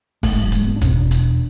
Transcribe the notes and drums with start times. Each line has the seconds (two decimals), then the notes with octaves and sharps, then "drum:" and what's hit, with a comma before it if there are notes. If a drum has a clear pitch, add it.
0.23 G#2 A3, drum: kick, open hi-hat
0.32 G#3
0.42 F#3
0.52 G#3, drum: hi-hat
0.66 B3
0.76 D4
0.81 E2 B2 C#4, drum: kick, hi-hat
0.92 C#4
0.96 D4
1.11 drum: hi-hat